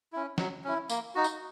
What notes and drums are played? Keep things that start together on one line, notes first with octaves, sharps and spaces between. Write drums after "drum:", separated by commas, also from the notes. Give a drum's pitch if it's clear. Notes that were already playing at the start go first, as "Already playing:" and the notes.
C#4 E4
F#3, drum: snare
C#4 E4
A#3, drum: tambourine
D#4 F#4
drum: tambourine